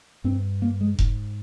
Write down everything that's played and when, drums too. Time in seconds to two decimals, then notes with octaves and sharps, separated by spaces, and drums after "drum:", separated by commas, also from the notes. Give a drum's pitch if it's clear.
0.24 G2 C4
0.62 A#3
0.81 G#3
0.99 G#2, drum: kick F1